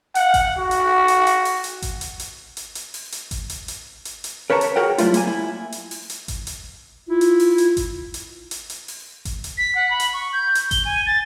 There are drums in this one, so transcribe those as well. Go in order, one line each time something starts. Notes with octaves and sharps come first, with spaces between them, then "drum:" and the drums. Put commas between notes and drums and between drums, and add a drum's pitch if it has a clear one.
F#5, drum: hi-hat
drum: kick G#1, hi-hat
F#4
drum: hi-hat
drum: hi-hat
drum: hi-hat
drum: open hi-hat
drum: hi-hat
drum: kick G#1, hi-hat
drum: hi-hat
drum: hi-hat
drum: hi-hat
drum: hi-hat
drum: open hi-hat
drum: hi-hat
drum: kick G#1, hi-hat
drum: hi-hat
drum: hi-hat
drum: hi-hat
drum: hi-hat
A#4 B4 C#5 A5 A#5
drum: hi-hat
F#4 G#4 A#4 F#5 G5
F#3 G3 A3 E4 F4, drum: hi-hat
A#3 G#5, drum: hi-hat
E4
drum: hi-hat
drum: open hi-hat
drum: hi-hat
drum: kick G#1, hi-hat
drum: hi-hat
E4 F4
drum: hi-hat
drum: open hi-hat
drum: hi-hat
drum: kick G#1, hi-hat
drum: hi-hat
drum: hi-hat
drum: hi-hat
drum: open hi-hat
drum: kick G#1, hi-hat
drum: hi-hat
B6
F#5
B5
drum: hi-hat
C#6
G6
drum: hi-hat
G7, drum: kick G#1, hi-hat
G#5
A6